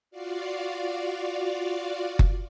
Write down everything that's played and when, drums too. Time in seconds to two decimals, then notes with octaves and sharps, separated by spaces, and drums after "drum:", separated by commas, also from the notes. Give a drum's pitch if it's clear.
0.11 F4 F#4 D5 F5
2.19 drum: kick F#1